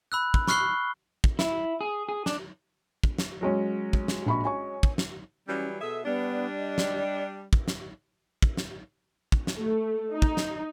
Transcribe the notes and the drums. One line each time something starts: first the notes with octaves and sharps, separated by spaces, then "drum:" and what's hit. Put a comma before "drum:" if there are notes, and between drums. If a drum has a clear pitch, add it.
B5 E6 F#6
drum: kick
B5 C#6 F6 F#6 C7 G7, drum: snare
drum: kick
E4, drum: snare
G#4
G#4
D4, drum: snare
drum: kick
drum: snare
F#3 G#3 C#4
drum: kick
drum: snare
A#1 B5 C#6
C#5 G#5 C#6
drum: kick
drum: snare
E3 F#3 G3 C#4
B2 G#4 A4 E5
G3 B3 D4
D#5
drum: snare
drum: kick
drum: snare
drum: kick
drum: snare
drum: kick
drum: snare
A3
D#4
drum: kick
drum: snare